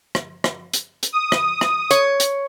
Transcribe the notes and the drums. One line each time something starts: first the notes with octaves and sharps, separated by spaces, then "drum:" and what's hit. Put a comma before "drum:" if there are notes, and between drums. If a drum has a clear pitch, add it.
drum: rim click
drum: rim click
drum: hi-hat
drum: hi-hat
D#6
drum: rim click
drum: rim click
C#5, drum: hi-hat
drum: hi-hat